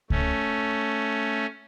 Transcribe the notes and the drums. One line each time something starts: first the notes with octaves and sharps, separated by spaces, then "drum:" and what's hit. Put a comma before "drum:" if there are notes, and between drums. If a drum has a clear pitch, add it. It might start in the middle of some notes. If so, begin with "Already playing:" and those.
A3 C#4, drum: kick C#2